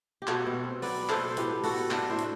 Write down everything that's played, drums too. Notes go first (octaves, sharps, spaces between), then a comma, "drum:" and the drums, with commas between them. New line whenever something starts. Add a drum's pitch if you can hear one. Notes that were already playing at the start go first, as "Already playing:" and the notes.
G4
B2 F#4 A4, drum: clap
B2
C4
F#3 B4 D5, drum: open hi-hat
B2
A4 C5, drum: clap
B2
C5
A2 G4 B4, drum: hi-hat
A2
F#4 A4, drum: open hi-hat
B3
F#3 D4 F#4, drum: clap
A2 C5 E5
drum: hi-hat